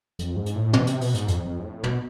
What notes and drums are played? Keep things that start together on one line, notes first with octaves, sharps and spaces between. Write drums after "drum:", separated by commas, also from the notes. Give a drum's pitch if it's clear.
F2, drum: hi-hat
G#2
drum: hi-hat
A2
B2, drum: tom
C3, drum: hi-hat
B2, drum: open hi-hat
G#2, drum: hi-hat
F2, drum: hi-hat
F2
G#2
A2
B2, drum: tom